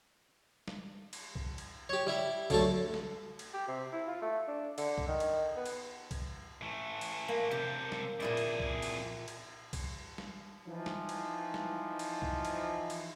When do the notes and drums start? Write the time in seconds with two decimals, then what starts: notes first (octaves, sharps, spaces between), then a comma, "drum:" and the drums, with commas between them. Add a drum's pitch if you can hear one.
0.68 drum: snare
1.13 drum: cymbal
1.35 drum: kick C2
1.58 drum: cymbal
1.89 G4 C#5
2.07 G3 E4 E5
2.50 D3 F#3 A3 A4, drum: kick C2, cymbal
2.94 drum: snare
3.39 drum: cymbal
3.54 G4
3.68 C3
3.92 E4
4.07 F4
4.22 A3
4.48 D4
4.78 D3, drum: cymbal
4.98 drum: kick C2
5.08 D#3
5.20 drum: cymbal
5.56 B3
5.66 drum: cymbal
6.11 drum: kick C2, cymbal
6.62 E3 A3
7.01 drum: cymbal
7.28 A#3
7.51 C3 G4 A4
7.92 drum: snare
8.20 F2 A#2 E4 G#4 D5
8.37 drum: cymbal
8.60 drum: kick C2
8.82 drum: cymbal
9.28 drum: cymbal
9.73 drum: kick C2, cymbal
10.18 drum: snare
10.68 E3 F3 D#4
10.86 drum: snare
11.09 drum: cymbal
11.54 drum: snare
11.99 drum: cymbal
12.22 drum: kick C2
12.45 drum: cymbal
12.90 drum: cymbal